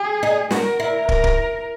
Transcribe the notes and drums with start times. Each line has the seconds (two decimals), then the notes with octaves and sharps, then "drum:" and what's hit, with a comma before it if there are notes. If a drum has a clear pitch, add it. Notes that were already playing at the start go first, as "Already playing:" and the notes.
Already playing: G#4
0.23 D#4
0.51 F#4 A#4, drum: snare
0.80 E4
1.09 A#4, drum: kick
1.24 drum: kick